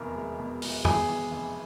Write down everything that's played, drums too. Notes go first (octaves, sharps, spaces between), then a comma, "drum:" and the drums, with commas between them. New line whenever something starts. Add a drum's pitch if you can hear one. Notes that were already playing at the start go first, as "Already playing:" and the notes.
Already playing: F1 E2 B2 A#4
G#3
B2
G#3, drum: open hi-hat
E2 G#4 G#5, drum: tom F2
E2
F1